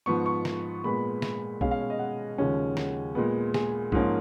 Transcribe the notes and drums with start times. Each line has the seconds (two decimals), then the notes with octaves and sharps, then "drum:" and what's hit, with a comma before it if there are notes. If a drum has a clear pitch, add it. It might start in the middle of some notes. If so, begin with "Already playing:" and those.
0.06 G#2 F3 B3 C#6
0.26 C#6
0.45 drum: snare
0.84 A#2 G#3 B3 B5
1.22 drum: snare
1.61 B2 G#3 C#4 F5, drum: kick B1
1.71 F5
1.80 C#5
1.90 D#5
1.99 F#5
2.38 D#2 C#3 F3 G#3 C#4
2.77 drum: snare
3.15 A#2 G#3 B3
3.54 G#4, drum: snare
3.92 G#2 F3 A#3 C#4, drum: kick B1